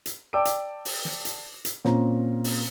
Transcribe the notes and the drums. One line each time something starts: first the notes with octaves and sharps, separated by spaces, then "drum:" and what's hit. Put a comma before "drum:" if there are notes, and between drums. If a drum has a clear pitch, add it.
drum: hi-hat
D5 G5 A5 D6 E6 D7
drum: hi-hat
drum: open hi-hat
drum: snare
drum: hi-hat
drum: hi-hat
A#2 C4 C#4 A#5, drum: snare
drum: open hi-hat